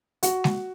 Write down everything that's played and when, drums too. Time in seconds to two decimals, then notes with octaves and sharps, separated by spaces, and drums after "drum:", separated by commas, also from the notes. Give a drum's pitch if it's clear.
0.23 F#4, drum: hi-hat
0.44 drum: snare G#3